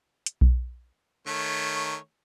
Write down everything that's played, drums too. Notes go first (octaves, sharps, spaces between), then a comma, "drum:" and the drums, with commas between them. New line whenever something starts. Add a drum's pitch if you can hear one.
drum: hi-hat
drum: kick B1
D#3 A3 C#5